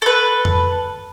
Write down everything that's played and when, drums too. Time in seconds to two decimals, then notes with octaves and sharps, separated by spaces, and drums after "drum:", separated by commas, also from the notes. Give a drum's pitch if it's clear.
0.02 A4 B4
0.45 drum: tom F2